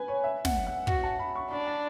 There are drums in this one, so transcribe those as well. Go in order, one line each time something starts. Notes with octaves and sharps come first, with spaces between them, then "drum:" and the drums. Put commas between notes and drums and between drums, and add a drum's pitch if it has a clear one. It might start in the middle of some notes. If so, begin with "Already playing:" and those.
Already playing: B4 G#5 B5
C#5
E5
F#5, drum: snare
F#5
F#4 F#5, drum: kick
A5
B5
C#6
D4 B5
A5